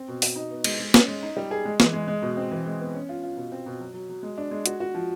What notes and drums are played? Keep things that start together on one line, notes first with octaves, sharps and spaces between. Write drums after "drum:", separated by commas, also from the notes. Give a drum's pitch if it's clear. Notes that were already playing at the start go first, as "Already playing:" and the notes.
Already playing: C4
B2
B2, drum: open hi-hat
D#4
B3
G#3, drum: cymbal
G#3
C#4, drum: snare
G#3
D#4
G3
G#4
G#3
E3, drum: snare
G#3
G#3
B2
C4
E3
G#3
B3
C#4
F4
F4
B2
C4
B2
F#3
F#3
F#3
G#3
D4
G#3
F#4, drum: hi-hat
F#4
F3